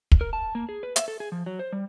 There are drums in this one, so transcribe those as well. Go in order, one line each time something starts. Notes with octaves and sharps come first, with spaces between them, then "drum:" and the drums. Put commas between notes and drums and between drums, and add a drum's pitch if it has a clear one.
drum: kick
A#4
A5
A#3
G#4
B4
E5, drum: hi-hat
A4
G#4
F3
F#3
C5
G3